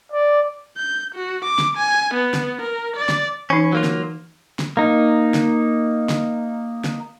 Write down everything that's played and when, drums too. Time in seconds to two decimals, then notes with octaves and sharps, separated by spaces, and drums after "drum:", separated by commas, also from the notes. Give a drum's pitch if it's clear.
0.12 D5
0.77 G6
1.15 F#4
1.45 D6
1.59 drum: snare
1.77 G#5
2.15 B3
2.34 drum: snare
2.62 A#4
2.96 D5
3.09 drum: snare
3.50 E3 C#4 D#4
3.73 F#3 A#3 F4
3.84 drum: snare
4.59 drum: snare
4.77 A#3 D#4
5.34 drum: snare
6.09 drum: snare
6.84 drum: snare